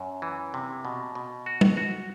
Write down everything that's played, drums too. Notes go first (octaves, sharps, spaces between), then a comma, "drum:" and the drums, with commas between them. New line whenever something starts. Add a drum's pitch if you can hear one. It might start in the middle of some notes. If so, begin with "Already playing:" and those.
Already playing: F#2
E3
C3
B2
B2
F#4
drum: tom
F#4